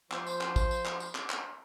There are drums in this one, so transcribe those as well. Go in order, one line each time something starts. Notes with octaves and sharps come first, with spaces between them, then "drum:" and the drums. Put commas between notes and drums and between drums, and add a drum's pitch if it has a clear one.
F3 C5, drum: clap
drum: tambourine
drum: clap
drum: kick, tambourine
drum: tambourine
drum: clap
drum: tambourine
drum: clap
drum: clap